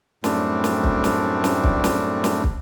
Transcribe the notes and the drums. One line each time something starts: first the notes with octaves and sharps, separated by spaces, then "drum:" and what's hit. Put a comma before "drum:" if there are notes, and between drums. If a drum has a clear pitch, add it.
F#2 A2 G3 A3 C4 D4, drum: snare
drum: snare
drum: kick
drum: snare
drum: snare
drum: kick
drum: snare
drum: snare
drum: kick